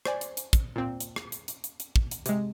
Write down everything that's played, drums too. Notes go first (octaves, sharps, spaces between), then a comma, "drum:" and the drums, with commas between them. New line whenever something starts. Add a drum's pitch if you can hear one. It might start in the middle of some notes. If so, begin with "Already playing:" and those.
C5 D5 G#5, drum: rim click
drum: hi-hat
drum: hi-hat
drum: kick, hi-hat
A#2 C4
drum: hi-hat
drum: rim click
drum: hi-hat
drum: hi-hat
drum: hi-hat
drum: hi-hat
drum: kick
drum: hi-hat
C3 G#3, drum: hi-hat